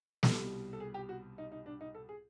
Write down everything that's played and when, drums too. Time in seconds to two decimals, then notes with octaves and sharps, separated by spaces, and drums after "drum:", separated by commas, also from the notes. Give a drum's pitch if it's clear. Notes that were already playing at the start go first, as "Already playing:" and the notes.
0.23 C2 B2 G3 A4, drum: snare
0.73 A4
0.80 G#4
0.94 G4
1.09 F#4
1.38 D#4
1.52 D#4
1.66 D4
1.81 D#4
1.95 A4
2.09 G#4